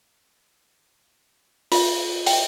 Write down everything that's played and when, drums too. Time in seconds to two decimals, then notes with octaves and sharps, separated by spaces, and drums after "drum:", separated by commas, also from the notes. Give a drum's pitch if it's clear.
1.72 F4, drum: open hi-hat
2.26 G5, drum: open hi-hat